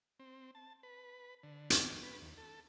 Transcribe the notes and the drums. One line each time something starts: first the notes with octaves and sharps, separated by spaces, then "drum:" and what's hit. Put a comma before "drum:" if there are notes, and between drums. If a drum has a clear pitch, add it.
C4
A5
B4
D3
D#3, drum: hi-hat
B4
D#2
A4